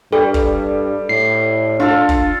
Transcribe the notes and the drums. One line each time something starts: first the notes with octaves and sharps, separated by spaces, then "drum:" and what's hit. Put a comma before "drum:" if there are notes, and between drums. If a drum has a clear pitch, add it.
G2 G3 A4
drum: kick
A2 C7
D4 F4 A4
drum: kick